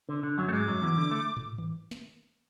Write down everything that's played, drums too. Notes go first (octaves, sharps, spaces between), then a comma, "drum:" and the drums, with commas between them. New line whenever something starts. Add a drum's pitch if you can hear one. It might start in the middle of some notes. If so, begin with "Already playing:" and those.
D3
D3
F#2 F#3
A3
G#2 G#3 D6
F#2 F#3
E2 E3
D3
A3
drum: tom
drum: tom D#3
drum: snare